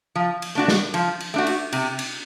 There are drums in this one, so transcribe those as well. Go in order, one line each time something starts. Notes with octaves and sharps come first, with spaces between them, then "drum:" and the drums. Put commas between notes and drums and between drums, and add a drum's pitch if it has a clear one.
F3
drum: cymbal
A3 D4 F#4
drum: snare
F3, drum: cymbal
drum: cymbal
A3 D4 F#4
drum: cymbal
C3, drum: cymbal
drum: cymbal